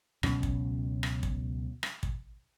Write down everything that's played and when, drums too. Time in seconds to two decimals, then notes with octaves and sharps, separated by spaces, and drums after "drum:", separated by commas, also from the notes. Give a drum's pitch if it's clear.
0.23 C#2 B2 F#3 C#4, drum: rim click
0.43 drum: kick
1.03 drum: rim click
1.23 drum: kick
1.83 drum: rim click
2.03 drum: kick